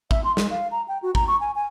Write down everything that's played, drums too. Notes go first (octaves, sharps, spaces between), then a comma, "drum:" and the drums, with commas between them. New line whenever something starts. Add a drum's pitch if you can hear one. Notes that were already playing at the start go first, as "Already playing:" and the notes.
E5, drum: kick
C6
G#3, drum: snare
F5
A#5
G5
F#4
A#5, drum: kick
C#6
G#5
G#5